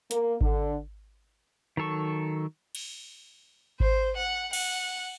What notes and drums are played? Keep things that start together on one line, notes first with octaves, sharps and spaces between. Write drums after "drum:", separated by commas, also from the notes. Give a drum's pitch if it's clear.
A#3, drum: hi-hat
D3, drum: kick G#1
D#3 F#3 A4 C#6
drum: cymbal
C5, drum: kick G#1
F#5
F#5, drum: cymbal